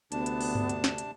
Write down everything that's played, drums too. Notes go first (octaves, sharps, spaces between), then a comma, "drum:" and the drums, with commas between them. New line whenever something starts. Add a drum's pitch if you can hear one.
D2 C3 B3 D4 A5, drum: hi-hat
drum: hi-hat
drum: open hi-hat
drum: tom G2
drum: hi-hat
drum: snare
drum: hi-hat